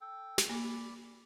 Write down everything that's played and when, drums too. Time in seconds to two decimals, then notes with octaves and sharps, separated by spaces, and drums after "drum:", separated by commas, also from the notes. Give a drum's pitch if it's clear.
0.01 A4 G5
0.38 drum: snare
0.50 A#3 D5 B5